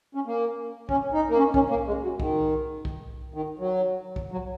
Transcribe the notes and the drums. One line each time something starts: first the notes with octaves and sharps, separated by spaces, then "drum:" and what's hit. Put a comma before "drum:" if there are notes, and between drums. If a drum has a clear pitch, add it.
C#4
A#3
C#4, drum: kick
D#4
A#3
C#4
C#4, drum: kick
A#3
G#3
F#3
D#3, drum: kick
drum: kick
D#3
F#3
drum: kick
F#3